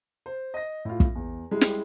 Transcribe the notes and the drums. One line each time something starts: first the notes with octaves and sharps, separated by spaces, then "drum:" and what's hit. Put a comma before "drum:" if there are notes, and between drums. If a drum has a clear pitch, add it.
C5
D#5 A#6
A2 F4
drum: kick
E2
G3 G#3 E4
drum: snare